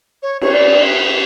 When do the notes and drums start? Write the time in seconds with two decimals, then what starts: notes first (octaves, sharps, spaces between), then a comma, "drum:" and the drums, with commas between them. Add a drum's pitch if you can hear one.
0.23 C#5
0.41 C#5, drum: cymbal
0.53 D5
0.83 E5